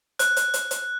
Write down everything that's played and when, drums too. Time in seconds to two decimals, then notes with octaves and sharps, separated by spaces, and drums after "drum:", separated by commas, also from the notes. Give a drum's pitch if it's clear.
0.19 F#6, drum: hi-hat
0.36 drum: hi-hat
0.54 drum: hi-hat
0.71 drum: hi-hat